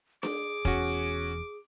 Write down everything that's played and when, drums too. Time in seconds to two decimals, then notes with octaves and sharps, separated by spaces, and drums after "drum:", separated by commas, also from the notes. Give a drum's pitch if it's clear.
0.23 G#4 D6, drum: snare D4
0.65 E1 E2 C#4 F#4, drum: kick F1